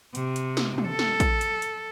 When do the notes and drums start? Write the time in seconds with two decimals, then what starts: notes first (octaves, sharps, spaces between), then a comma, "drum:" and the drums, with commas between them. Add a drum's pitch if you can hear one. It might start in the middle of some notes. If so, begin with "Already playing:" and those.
0.15 C3, drum: hi-hat
0.36 drum: hi-hat
0.57 drum: snare
0.78 drum: tom
0.88 A4
0.99 drum: snare
1.20 drum: kick, hi-hat
1.41 drum: hi-hat
1.62 drum: hi-hat